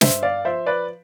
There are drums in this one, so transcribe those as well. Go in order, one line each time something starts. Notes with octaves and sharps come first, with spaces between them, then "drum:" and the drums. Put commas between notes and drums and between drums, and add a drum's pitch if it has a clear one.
G2 C5 E5, drum: snare
D5 F5
F3 C5 E5
B4 D5